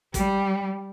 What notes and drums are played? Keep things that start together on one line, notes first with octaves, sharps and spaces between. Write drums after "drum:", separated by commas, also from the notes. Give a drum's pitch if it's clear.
G3, drum: kick, hi-hat